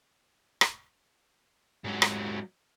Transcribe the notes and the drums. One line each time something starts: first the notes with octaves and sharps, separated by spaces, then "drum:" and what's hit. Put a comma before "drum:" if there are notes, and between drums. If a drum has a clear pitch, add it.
drum: rim click
G#2 F#3
drum: rim click